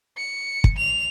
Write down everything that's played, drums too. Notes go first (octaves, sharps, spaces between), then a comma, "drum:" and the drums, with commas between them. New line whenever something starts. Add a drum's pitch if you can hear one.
C#7
drum: kick
F7